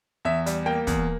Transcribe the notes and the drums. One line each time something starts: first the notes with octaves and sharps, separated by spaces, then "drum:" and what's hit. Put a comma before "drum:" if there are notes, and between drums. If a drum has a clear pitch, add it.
E2 E5
G3, drum: hi-hat
A#3 G5
E2, drum: kick, hi-hat